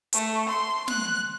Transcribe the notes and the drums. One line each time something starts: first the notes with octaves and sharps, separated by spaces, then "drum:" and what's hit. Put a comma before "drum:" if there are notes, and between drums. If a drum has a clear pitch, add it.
A3, drum: hi-hat
C6
F#6, drum: snare